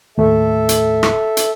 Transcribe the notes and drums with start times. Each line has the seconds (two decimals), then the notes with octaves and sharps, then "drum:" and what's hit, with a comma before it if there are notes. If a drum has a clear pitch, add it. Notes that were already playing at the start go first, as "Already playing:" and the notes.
0.18 D#2 A2 A3 A4 E5
0.69 drum: hi-hat
1.03 drum: rim click
1.37 drum: hi-hat